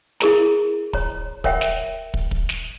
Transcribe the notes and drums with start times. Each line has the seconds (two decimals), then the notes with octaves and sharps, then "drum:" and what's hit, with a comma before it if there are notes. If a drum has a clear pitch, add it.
0.20 E4 G#4 A#4 A#5, drum: snare
0.93 C#5 A#5, drum: kick
1.44 A#4 C#5 E5 F#5 G5, drum: kick
1.61 drum: snare
2.14 drum: kick
2.31 drum: kick
2.49 drum: snare